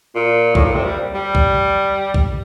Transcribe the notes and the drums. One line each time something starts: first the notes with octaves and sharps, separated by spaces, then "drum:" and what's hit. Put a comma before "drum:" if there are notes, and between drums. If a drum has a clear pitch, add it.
A#2
A2, drum: kick
A#2
C3
G3
G3
drum: kick
drum: kick